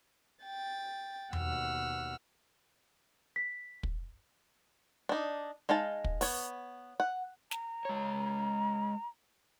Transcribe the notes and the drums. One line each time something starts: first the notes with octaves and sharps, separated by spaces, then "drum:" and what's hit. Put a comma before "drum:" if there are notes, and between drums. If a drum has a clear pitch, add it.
G5 A6
D#2 B2 F#5 E6 F6, drum: tom E2
B6
drum: kick
D4 D#4
G#3 D#4 F5 A5
drum: kick
B3 C#5, drum: open hi-hat
F#5
A#5, drum: snare
G#3 C#5